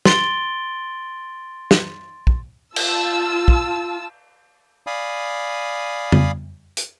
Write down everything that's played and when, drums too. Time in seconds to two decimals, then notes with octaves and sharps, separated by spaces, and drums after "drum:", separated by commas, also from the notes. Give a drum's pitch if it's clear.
0.05 C6 A6 D7 G7, drum: snare
1.71 drum: snare
2.27 drum: kick
2.76 F4 A5 E6, drum: cymbal
3.48 drum: kick
4.87 D5 F5 G#5 B5 D#6
6.12 drum: tom
6.77 drum: hi-hat